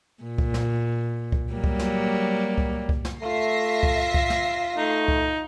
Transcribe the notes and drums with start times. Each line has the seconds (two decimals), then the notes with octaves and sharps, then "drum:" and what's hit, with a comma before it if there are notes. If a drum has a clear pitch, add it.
0.23 A#2
0.38 drum: kick C2
0.54 drum: snare
1.32 drum: kick C2
1.53 F#3 G3 A#3
1.64 drum: kick C2
1.79 drum: snare
2.58 drum: kick C2
2.89 drum: kick C2
3.05 drum: snare
3.22 A3 F4 E5 A#6 C7
3.83 drum: kick C2
4.14 drum: kick C2
4.30 drum: snare
4.77 A3 D#4
5.08 drum: kick C2